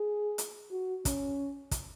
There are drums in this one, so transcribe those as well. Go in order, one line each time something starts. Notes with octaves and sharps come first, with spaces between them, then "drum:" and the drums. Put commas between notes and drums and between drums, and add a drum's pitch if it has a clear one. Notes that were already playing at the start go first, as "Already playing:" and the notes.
Already playing: G#4
drum: hi-hat
F#4
C#4, drum: kick, hi-hat
drum: kick, hi-hat